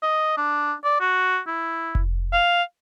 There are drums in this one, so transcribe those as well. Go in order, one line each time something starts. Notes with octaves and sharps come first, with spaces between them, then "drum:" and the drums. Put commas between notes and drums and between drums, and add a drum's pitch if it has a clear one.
D#5
D4
D5
F#4
E4
drum: kick F1
F5